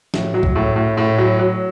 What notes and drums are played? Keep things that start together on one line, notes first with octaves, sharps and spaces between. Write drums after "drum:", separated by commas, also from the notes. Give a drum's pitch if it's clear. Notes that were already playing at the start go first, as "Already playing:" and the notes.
A2, drum: snare
F#3
drum: kick
A2
A2
A2
F#3
F#3